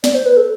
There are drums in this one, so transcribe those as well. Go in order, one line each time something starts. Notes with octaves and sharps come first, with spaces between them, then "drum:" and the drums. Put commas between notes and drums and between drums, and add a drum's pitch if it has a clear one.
D5, drum: snare
C5
B4
A4